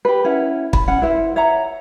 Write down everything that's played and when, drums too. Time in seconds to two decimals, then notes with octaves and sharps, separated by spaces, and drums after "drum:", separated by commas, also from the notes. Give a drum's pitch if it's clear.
0.05 G4 B4
0.24 C#4 E4 F#5
0.73 B5, drum: kick
0.88 C#4 F#5
1.02 E4 B4 C5 E5
1.36 C#5 E5 F#5 A#5